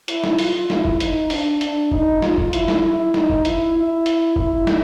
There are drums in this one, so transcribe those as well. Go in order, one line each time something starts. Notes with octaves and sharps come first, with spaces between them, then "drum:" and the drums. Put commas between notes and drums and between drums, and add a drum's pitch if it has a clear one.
E4, drum: hi-hat
drum: snare
F4, drum: open hi-hat
E4, drum: snare
drum: kick
D#4, drum: hi-hat
D4, drum: open hi-hat
D4, drum: hi-hat
D#4, drum: kick
F4, drum: snare
drum: kick
E4, drum: hi-hat
drum: snare
E4
D#4, drum: snare
drum: kick
E4, drum: hi-hat
E4
drum: hi-hat
E4, drum: kick
drum: snare